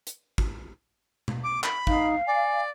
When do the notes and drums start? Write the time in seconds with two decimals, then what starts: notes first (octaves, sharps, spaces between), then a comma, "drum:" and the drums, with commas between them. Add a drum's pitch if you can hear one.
0.07 drum: hi-hat
0.38 drum: kick
1.28 drum: tom B2
1.43 D6
1.64 B5, drum: clap
1.87 D#4 F5, drum: kick
2.27 D5 G#5